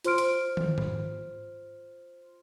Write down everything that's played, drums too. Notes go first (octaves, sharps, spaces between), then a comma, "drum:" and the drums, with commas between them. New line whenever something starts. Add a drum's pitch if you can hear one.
F4 C5 C6 F6 D7, drum: hi-hat
drum: hi-hat
drum: tom
drum: tom G#2